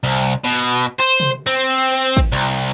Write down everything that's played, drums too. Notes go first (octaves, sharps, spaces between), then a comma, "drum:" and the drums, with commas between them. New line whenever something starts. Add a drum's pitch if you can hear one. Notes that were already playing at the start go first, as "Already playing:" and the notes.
C2
B2
C5, drum: hi-hat
drum: tom
C4
drum: cymbal
drum: kick
C2